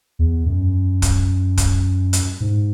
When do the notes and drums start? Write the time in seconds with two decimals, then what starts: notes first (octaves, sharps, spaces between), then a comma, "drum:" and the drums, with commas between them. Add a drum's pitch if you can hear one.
0.19 E2
0.46 F#2
1.02 drum: kick, hi-hat
1.57 drum: kick, hi-hat
2.13 drum: hi-hat
2.40 G#2